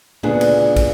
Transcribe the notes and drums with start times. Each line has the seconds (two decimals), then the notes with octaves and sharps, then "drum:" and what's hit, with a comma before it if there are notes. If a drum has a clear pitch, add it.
0.23 D2 A#2 C#3 B3 D4 G#4, drum: tom C#3
0.41 drum: cymbal
0.76 drum: kick, cymbal